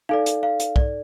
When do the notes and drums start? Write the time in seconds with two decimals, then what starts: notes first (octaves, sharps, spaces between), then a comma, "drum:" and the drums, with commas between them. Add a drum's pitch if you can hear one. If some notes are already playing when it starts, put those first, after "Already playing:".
0.09 D#4 A4 D5 F5
0.26 drum: hi-hat
0.43 F5
0.60 drum: hi-hat
0.76 D5, drum: kick